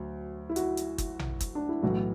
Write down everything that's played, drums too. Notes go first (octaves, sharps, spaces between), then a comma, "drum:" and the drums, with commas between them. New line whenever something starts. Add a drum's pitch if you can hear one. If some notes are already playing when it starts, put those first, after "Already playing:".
Already playing: D2 F#3
E4
F#4, drum: hi-hat
drum: hi-hat
drum: kick, hi-hat
drum: tom A#1
drum: kick, hi-hat
D4
E4
B1 A2 E3 F#4